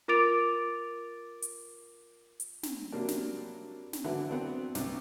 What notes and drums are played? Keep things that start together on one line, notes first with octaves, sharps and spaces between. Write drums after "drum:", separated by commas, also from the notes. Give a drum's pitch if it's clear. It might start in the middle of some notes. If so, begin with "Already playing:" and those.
F4 A#4 D6 A6 D7 F7
drum: hi-hat
drum: hi-hat
drum: snare
C3 F#3 G3 A#3 D4
drum: snare
drum: snare
D3 E3 F#3 D4 E4
F#3 B3 C4 D4
C2, drum: snare